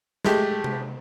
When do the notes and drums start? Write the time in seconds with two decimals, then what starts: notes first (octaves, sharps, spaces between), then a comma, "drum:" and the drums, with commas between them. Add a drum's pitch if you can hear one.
0.25 G#3 A3 G4, drum: snare
0.64 drum: tom C3